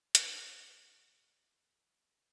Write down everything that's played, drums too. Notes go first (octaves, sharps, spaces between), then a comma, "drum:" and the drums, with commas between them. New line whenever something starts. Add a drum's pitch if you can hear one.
G#3 B3 G4 C5 D5, drum: hi-hat